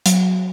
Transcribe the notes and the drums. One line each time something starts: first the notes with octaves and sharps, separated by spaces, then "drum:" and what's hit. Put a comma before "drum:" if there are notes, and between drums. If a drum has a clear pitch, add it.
F#3, drum: hi-hat